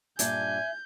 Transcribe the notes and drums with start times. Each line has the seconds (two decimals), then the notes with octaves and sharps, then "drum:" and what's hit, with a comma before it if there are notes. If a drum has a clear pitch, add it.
0.19 G2 A#2 D5 E5 G#5 G6, drum: hi-hat